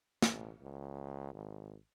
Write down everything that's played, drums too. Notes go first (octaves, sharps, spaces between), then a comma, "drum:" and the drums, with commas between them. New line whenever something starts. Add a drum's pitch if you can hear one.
A1, drum: snare
C#2
G#1